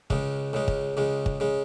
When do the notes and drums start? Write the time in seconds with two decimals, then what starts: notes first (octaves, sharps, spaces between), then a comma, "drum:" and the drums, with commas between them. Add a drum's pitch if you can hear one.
0.10 C#2 C#3 G#3, drum: kick
0.53 C#2 C#3 G#3
0.68 drum: kick
0.97 C#2 C#3 G#3
1.26 drum: kick
1.40 C#3 G#3